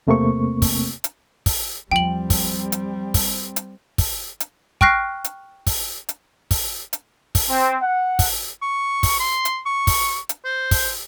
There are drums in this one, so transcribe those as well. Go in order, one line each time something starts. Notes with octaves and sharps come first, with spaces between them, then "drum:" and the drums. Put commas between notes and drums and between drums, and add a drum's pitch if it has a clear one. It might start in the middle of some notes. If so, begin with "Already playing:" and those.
E2 C3 A3 A#3 C4 C#6
drum: kick, open hi-hat
drum: hi-hat
drum: kick, open hi-hat
E2 F3 G3 C4 G5 F#7
drum: kick, open hi-hat
drum: hi-hat
drum: kick, open hi-hat
drum: hi-hat
drum: kick, open hi-hat
drum: hi-hat
G5 C#6 F6 F#6 A#6 C7, drum: kick
drum: hi-hat
drum: kick, open hi-hat
drum: hi-hat
drum: kick, open hi-hat
drum: hi-hat
drum: kick, open hi-hat
C4
F#5
drum: kick, open hi-hat
C#6
drum: kick, open hi-hat
C6
drum: hi-hat
C#6
drum: kick, open hi-hat
drum: hi-hat
C5
drum: kick, open hi-hat